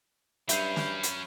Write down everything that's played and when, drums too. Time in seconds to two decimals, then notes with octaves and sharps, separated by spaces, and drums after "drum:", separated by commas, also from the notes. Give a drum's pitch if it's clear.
0.49 G2 F#3 C#4 E5 B5 G6 C7, drum: hi-hat
0.76 drum: snare
1.03 drum: hi-hat